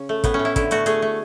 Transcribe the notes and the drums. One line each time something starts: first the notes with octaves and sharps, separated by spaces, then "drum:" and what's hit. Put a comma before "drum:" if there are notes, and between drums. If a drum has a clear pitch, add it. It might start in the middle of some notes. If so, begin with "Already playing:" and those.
Already playing: C#3 C#4
A3
A2 B3, drum: kick, hi-hat
C#4
A2
E4
D3 E4, drum: kick, hi-hat
A3 F#4, drum: hi-hat
A3 G#4, drum: hi-hat
A3